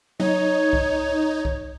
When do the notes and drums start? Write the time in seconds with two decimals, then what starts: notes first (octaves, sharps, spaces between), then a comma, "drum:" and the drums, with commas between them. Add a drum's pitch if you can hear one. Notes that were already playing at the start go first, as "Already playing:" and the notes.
0.20 D#4 C#5, drum: tom F#3
0.73 drum: kick C2
1.45 drum: kick C2